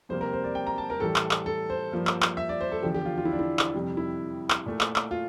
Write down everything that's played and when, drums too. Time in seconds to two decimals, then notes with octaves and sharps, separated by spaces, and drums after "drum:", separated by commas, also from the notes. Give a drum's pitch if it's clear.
0.09 F2 C3 G3 A#3 C5
0.21 A#4
0.33 C5
0.44 D5
0.55 G5
0.67 A#5
0.78 A5
0.90 A#4
1.00 A2 E3 G3 A4
1.16 drum: clap
1.31 drum: clap
1.46 A4
1.70 C5
1.92 G2 F3 A#3
2.07 drum: clap
2.22 drum: clap
2.37 E5
2.49 D5
2.61 C5
2.72 A4
2.83 E2 D3 F3 G4
2.94 G4
3.05 F4
3.18 F4
3.25 E4
3.32 D4
3.39 E4
3.59 drum: clap
3.74 F2 C3 G3
3.97 E4
4.50 drum: clap
4.66 A#2 A3
4.81 drum: clap
4.96 drum: clap
5.11 F4